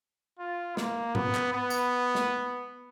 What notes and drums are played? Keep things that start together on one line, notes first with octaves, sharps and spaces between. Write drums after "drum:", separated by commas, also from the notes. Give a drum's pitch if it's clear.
F4
A#3, drum: snare
B3, drum: tom G#2
drum: clap
B3
drum: tambourine
drum: snare